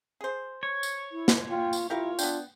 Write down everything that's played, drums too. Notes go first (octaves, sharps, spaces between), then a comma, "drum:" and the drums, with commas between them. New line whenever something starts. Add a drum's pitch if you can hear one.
G#4 C5
C#5
drum: tambourine
E4
drum: snare
F4 G5
drum: tambourine
E4 F4 G4 A#4 F5
B3 D4 G5, drum: tambourine